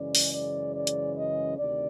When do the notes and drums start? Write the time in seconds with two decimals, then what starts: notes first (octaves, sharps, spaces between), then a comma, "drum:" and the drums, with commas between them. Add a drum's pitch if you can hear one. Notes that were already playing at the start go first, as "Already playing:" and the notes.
Already playing: F#2 C#3 E3 G#3 C#4 D5
0.15 drum: open hi-hat
0.33 D5
0.75 D5
0.87 drum: hi-hat
1.18 D#5
1.58 D2 C3 D#3 D5